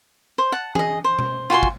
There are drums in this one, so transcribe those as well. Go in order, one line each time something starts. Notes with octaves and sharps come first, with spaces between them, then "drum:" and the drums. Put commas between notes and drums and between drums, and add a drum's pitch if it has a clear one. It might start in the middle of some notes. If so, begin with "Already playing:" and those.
C5
F#5 A5
G#4 D#5, drum: tom E3
C5
drum: tom B2
F4 F#4 G#5 C6
drum: kick